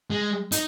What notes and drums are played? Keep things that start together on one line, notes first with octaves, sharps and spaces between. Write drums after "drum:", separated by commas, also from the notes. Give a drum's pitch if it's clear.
G#3
D#4, drum: hi-hat